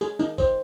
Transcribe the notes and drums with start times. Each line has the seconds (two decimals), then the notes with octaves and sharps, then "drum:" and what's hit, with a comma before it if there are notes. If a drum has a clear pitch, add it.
0.01 G#4, drum: tambourine
0.19 D#4, drum: tambourine
0.38 C5, drum: kick, tambourine